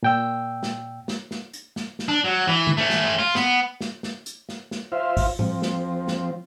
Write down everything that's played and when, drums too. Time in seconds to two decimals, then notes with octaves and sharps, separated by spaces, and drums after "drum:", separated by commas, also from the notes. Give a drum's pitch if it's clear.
0.03 A#2 G5 E6
0.63 drum: snare
1.08 drum: snare
1.31 drum: snare
1.54 drum: hi-hat
1.76 drum: snare
1.99 drum: snare
2.08 D4
2.24 F#3
2.48 E3
2.67 drum: tom
2.77 A3 C#4
2.90 drum: snare
3.19 F4
3.35 B3, drum: snare
3.81 drum: snare
4.03 drum: snare
4.26 drum: hi-hat
4.49 drum: snare
4.71 drum: snare
4.92 F4 C5 E5 F5
5.17 drum: kick, open hi-hat
5.39 F3 C4, drum: tom A2
5.62 drum: snare
6.08 drum: snare